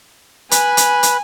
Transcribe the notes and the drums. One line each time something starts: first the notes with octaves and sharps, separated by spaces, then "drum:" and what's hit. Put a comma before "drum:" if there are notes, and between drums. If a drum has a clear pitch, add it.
B4 G#5 B5, drum: hi-hat
drum: hi-hat
drum: hi-hat